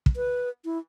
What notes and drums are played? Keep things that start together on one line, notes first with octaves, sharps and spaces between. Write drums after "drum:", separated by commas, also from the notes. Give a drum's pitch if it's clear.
drum: kick
B4
E4